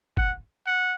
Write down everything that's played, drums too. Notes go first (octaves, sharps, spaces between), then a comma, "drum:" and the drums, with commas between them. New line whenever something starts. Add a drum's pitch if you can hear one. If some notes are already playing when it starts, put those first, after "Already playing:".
F#5, drum: kick
F#5